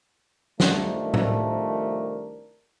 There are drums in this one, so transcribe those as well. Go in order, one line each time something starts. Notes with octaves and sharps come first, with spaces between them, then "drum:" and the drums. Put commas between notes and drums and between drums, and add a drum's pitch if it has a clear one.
C2 D#3 F3 A3 D4 A#4, drum: snare
drum: tom A2